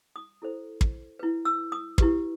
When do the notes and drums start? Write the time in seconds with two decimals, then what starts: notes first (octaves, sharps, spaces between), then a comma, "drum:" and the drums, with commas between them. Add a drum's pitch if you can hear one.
0.16 D#6
0.42 E4 A4 C5
0.81 drum: kick
1.19 E4 B4
1.45 E6
1.72 D#6
1.98 E4 G4 B4, drum: kick